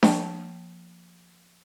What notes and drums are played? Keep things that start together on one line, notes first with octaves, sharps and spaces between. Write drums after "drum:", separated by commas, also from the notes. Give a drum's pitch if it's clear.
F3 A#3 G5 A5, drum: snare D4